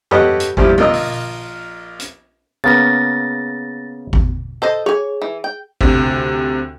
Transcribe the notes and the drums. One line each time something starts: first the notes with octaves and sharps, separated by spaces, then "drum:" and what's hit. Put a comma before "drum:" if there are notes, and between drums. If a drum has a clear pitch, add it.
G4 A4 B4 C#5 D#5 F#5, drum: tom F2
drum: hi-hat
G2 A#2 F3 E4 F4 G4, drum: kick G#1
A#1 F4 A#4 D#5 E6, drum: tom B2
drum: open hi-hat
drum: hi-hat
C#3 A#3 B3 A6 A#6
drum: kick G#1
A4 C5 D#5
G#4 C#5 G#5
E3
G5
D2 C3, drum: kick G#1